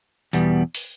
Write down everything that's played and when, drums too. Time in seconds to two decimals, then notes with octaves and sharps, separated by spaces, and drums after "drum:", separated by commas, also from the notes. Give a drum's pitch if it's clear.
0.33 E2 B2 G3 B3, drum: hi-hat
0.75 drum: open hi-hat